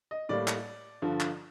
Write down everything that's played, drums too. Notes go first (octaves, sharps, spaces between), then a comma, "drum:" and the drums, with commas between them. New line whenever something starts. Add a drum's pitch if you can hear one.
D#5
A2 G3 A#3 D5
drum: clap
G2 D3 F3
drum: clap